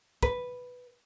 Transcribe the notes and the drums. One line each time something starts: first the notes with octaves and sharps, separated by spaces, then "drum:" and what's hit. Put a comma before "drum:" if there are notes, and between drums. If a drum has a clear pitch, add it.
B4, drum: kick